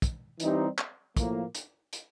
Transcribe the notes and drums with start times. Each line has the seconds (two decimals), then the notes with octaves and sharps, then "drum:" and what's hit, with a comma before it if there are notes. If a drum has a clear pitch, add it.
0.02 drum: kick, hi-hat
0.40 E3 G3 C4 D#4 G4, drum: hi-hat
0.78 drum: clap
1.17 A2 F3 A#3, drum: kick, hi-hat
1.55 drum: hi-hat
1.93 drum: hi-hat